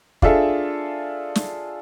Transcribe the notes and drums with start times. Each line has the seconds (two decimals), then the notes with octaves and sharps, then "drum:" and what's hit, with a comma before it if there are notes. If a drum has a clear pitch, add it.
0.22 D4 F4 G#4 A4 E5, drum: kick
1.35 drum: snare